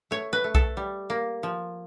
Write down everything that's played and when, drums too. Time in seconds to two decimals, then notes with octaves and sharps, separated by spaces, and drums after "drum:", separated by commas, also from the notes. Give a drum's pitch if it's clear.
0.11 A3 C#5
0.33 B4
0.44 A3
0.55 A4, drum: kick B1
0.77 G3
1.10 A#3
1.43 F3